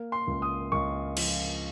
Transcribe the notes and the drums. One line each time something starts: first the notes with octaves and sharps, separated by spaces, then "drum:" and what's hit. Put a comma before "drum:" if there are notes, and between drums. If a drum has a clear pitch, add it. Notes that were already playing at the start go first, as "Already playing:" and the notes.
Already playing: A#3
C6
C#2
D#6
C#2 C#6
F3, drum: cymbal